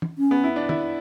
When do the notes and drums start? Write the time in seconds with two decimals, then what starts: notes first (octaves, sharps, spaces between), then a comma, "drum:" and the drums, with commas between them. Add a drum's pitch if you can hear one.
0.02 drum: tom
0.18 C#4
0.31 B3
0.44 E4
0.56 D4
0.69 E4, drum: tom